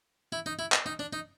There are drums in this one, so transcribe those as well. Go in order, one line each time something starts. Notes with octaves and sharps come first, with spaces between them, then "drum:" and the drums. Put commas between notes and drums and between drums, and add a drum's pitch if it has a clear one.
E4
D#4
E4
drum: clap
D#4
D4
D#4